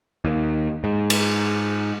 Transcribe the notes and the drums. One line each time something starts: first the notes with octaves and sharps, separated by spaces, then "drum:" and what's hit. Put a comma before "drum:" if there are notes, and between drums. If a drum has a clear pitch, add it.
D#2
G#2
drum: cymbal